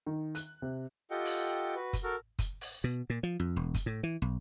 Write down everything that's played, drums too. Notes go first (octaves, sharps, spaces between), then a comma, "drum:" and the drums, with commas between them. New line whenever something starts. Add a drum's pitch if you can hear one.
D#3
F#6, drum: hi-hat
C3
F4 G4 A4 D#5 F#5 G5
drum: open hi-hat
F#4 B4
drum: kick F#1, hi-hat
F#4 A4 A#4
drum: kick F#1, hi-hat
drum: open hi-hat
B2
A#2
F3
F2
E1
drum: kick F#1, hi-hat
A2
E3
B1